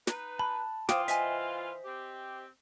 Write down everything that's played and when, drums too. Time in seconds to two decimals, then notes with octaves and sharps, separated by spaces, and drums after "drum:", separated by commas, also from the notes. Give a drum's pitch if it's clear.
0.07 D#4 B4, drum: snare
0.39 A5 B5 F#6
0.89 E3 F4 C5 F5 G5 D6 D#6, drum: snare
1.08 C5 D#5 E5 G#5 B6, drum: hi-hat
1.84 C4 G4